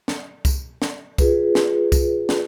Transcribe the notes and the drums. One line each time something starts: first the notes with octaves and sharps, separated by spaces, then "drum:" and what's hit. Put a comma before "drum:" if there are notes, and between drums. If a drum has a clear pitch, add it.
drum: snare
drum: kick C2, tambourine
drum: snare
F4 G#4 B4, drum: kick C2, tambourine
drum: snare
drum: kick C2, tambourine
drum: snare